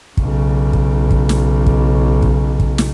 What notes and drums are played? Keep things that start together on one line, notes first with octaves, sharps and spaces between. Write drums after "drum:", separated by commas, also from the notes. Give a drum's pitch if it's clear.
B1 C#3, drum: kick
drum: kick
drum: kick
drum: snare
drum: kick
drum: kick
drum: kick
drum: snare